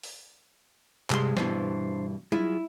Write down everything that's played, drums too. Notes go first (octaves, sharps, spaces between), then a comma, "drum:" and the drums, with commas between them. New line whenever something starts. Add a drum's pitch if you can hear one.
drum: open hi-hat
G2 C3 G#3 C6, drum: clap
G2 B2 E3 D4 C5, drum: snare
F#3 E4 F4 G#4, drum: tom G3